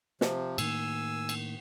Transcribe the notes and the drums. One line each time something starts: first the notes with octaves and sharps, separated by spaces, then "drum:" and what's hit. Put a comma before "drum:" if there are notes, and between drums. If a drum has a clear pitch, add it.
C3 F3, drum: snare
A2 D#3 A#3 G#5 E6, drum: cymbal
drum: cymbal